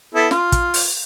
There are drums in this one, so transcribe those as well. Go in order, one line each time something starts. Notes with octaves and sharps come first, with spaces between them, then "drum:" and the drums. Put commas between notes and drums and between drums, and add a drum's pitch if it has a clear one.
B3 E4 A4
F4, drum: snare
drum: kick, hi-hat
drum: open hi-hat